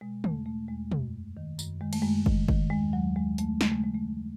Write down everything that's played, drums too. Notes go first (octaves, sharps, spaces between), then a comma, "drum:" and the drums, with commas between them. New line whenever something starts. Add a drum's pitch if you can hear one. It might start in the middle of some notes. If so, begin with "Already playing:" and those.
B2 G#3
E2 A3, drum: tom
B2 A3
E2 G#3
F#2, drum: tom
F#2
D#3
F#2, drum: tambourine
D#3 G#3
A3, drum: cymbal
F#2 G#3
D#3, drum: kick
D#3, drum: kick
D#2 G#3
D#2 F#3
D#2 G#3
D#2 A3, drum: hi-hat
C#3 A3, drum: snare
G#3
E3 G#3
A3
D#2